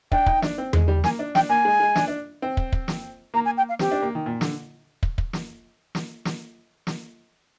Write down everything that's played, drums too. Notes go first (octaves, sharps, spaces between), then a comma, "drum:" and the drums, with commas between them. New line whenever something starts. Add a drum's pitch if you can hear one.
D4 G5, drum: kick
D#4, drum: kick
D4, drum: snare
C4
G#3, drum: tom E2
G3
A#3 G#5, drum: snare
D4
D4 G5, drum: snare
A#3 G#5
G#3
G#3
D4, drum: snare
D4
C4
drum: kick
drum: kick
drum: snare
A#3 A#5
G#5
G5
F5
C4 G4, drum: snare
D4
A#3
D#3
A#2
D3, drum: snare
drum: kick
drum: kick
drum: snare
drum: snare
drum: snare
drum: snare